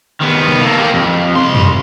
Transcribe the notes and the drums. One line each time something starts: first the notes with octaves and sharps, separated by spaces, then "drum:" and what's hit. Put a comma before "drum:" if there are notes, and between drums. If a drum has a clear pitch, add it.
D#3 B3
drum: tom B2
A#3 A4
A#3 G4
F2
C2 C6
drum: tom F2